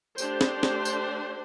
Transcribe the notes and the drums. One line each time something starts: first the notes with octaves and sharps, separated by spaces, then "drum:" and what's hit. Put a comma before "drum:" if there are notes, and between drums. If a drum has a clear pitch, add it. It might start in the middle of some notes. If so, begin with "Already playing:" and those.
A3 D4 G4 C5, drum: tambourine
drum: snare
drum: snare
drum: tambourine